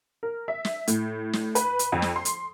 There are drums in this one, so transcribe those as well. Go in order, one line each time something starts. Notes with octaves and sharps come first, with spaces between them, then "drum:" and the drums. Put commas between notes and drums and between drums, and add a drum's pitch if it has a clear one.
A#4
E5
drum: snare
A2, drum: hi-hat
drum: snare
B4, drum: hi-hat
drum: hi-hat
F2
drum: snare
C6
drum: hi-hat